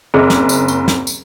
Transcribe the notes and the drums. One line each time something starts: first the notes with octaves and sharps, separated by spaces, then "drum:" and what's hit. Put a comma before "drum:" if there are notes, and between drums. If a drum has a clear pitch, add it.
F#1 C4 G#4 D#5 E5
drum: snare
drum: tambourine
C#6, drum: tambourine
drum: snare
drum: tambourine